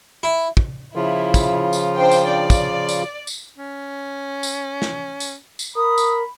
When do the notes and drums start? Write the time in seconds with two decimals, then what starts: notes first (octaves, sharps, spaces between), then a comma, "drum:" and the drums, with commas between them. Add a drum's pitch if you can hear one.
0.23 E4
0.57 drum: kick
0.95 C#3 F3 E4 F4
1.34 drum: kick, tambourine
1.73 drum: tambourine
1.97 D4 C5 G5
2.11 drum: tambourine
2.28 D5
2.50 drum: kick, tambourine
2.89 drum: tambourine
3.27 drum: tambourine
3.58 C#4
4.43 drum: tambourine
4.82 drum: snare
5.20 drum: tambourine
5.59 drum: tambourine
5.76 A#4 B5 D#6
5.98 drum: tambourine